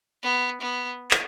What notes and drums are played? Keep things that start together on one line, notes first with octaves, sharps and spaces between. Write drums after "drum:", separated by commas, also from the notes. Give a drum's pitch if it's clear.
B3
B3
drum: clap